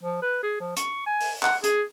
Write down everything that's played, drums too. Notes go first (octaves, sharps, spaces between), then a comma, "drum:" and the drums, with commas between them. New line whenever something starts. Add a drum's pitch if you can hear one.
F3
B4
G#4
F3
C#6, drum: hi-hat
G#5
drum: open hi-hat
F#5, drum: clap
G#4, drum: hi-hat